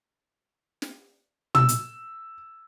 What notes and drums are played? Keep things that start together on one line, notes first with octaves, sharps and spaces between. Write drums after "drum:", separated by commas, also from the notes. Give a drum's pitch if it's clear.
drum: snare
E6, drum: tom
drum: hi-hat